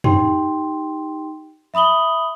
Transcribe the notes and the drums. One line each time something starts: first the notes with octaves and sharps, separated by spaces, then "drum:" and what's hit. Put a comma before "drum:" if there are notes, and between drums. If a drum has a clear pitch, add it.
D#4 G4 G5 C6, drum: tom
E5 B5 D#6 F#7 G7